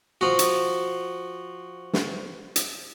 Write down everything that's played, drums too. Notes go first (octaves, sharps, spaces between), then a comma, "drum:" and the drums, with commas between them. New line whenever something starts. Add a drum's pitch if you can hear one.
F3 F#4
drum: hi-hat
drum: snare
drum: hi-hat